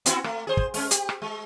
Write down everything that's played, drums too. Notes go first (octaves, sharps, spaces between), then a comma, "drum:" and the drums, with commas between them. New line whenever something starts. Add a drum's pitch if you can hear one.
B3 E4 F#4, drum: hi-hat
A3, drum: rim click
G#4 C5
drum: kick
G#3 C#4, drum: open hi-hat
G4, drum: hi-hat
drum: rim click
G#3